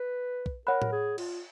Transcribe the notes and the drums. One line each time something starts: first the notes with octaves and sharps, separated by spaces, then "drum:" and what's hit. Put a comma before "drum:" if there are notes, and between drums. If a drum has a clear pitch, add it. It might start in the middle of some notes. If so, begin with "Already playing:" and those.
Already playing: B4
drum: kick
A#4 C#5 F#5 B5 F#6
drum: tom A2
G#4
F4, drum: cymbal